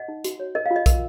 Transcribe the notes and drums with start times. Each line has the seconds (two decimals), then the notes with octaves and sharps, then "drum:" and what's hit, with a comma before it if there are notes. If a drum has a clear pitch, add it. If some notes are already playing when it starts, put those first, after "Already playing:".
Already playing: D#5 F#5
0.08 D#4
0.24 F#4, drum: hi-hat
0.40 C#5
0.55 A#4 D#5
0.66 F5
0.71 F4
0.76 D#5
0.86 A#4, drum: kick, hi-hat